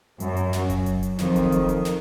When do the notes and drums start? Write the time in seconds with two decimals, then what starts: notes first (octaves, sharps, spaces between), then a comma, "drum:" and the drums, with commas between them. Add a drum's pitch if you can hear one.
0.20 F#2 F#3, drum: hi-hat
0.37 drum: hi-hat
0.53 drum: snare
0.70 drum: kick F1, hi-hat
0.86 drum: hi-hat
1.03 drum: hi-hat
1.19 F2 D#3, drum: snare
1.36 drum: kick F1, hi-hat
1.52 drum: hi-hat
1.69 drum: hi-hat
1.85 drum: snare